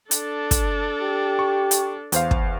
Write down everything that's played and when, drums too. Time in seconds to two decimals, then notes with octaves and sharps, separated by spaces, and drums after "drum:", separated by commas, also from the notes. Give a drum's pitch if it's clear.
0.11 D4 A4, drum: hi-hat
0.51 drum: kick, hi-hat
1.02 G4
1.39 C#6
1.71 drum: hi-hat
2.12 E2 C5 F5, drum: hi-hat
2.31 drum: kick